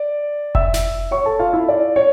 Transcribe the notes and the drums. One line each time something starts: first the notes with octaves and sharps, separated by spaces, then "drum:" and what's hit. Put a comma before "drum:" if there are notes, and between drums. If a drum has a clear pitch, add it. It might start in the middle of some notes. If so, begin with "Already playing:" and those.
Already playing: D5
E5 E6, drum: kick F1
drum: snare
C#5 C#6
A4 A5
F4 F5
E4 E5
D5
C#5